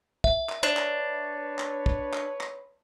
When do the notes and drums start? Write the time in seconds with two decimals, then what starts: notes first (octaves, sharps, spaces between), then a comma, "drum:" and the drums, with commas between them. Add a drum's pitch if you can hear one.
0.24 E5, drum: kick
0.49 drum: clap
0.63 D4 B4 C#5
0.77 drum: clap
1.59 drum: clap
1.86 drum: kick
2.13 drum: clap
2.41 drum: clap